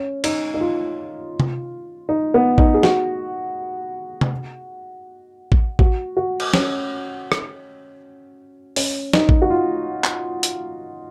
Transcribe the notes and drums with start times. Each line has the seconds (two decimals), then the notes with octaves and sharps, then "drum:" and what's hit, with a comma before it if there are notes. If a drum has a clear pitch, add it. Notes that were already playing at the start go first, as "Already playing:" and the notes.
Already playing: C#4
0.24 D#4, drum: cymbal
0.54 D#4
0.61 F4
1.40 drum: tom C3
2.09 D#4
2.34 B3
2.58 D#4, drum: kick A1
2.74 G#4
2.83 F#4, drum: snare
4.21 drum: tom C3
5.52 drum: kick A1
5.79 F#4, drum: kick A1
6.17 F#4
6.40 drum: cymbal
6.54 C#4, drum: snare
7.32 drum: rim click
8.76 C#4, drum: open hi-hat
9.13 D#4, drum: snare
9.29 drum: kick A1
9.42 F#4
9.50 F4
10.04 drum: clap
10.43 drum: hi-hat